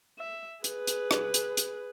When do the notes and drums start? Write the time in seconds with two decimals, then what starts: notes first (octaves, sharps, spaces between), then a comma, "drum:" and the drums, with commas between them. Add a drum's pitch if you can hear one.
0.19 E5
0.64 G#4 B4, drum: hi-hat
0.87 drum: hi-hat
1.11 drum: rim click
1.34 drum: hi-hat
1.57 drum: hi-hat